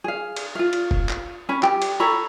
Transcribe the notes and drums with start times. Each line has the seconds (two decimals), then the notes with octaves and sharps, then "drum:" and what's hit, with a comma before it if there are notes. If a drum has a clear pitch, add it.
0.04 G#4 F5
0.36 drum: cymbal
0.55 F4 F5
0.73 drum: cymbal
0.91 drum: kick
1.09 drum: clap
1.49 C#4 B5
1.63 G4, drum: clap
1.82 drum: cymbal
2.00 A4 C#5 A#5 B5